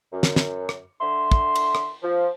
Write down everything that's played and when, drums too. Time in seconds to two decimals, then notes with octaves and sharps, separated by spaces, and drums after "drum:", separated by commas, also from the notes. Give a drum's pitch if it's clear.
0.11 F#2
0.23 drum: snare
0.36 drum: snare
0.69 drum: rim click
1.00 D3 E5 C6
1.32 drum: kick
1.55 drum: cymbal
1.75 drum: rim click
2.02 F3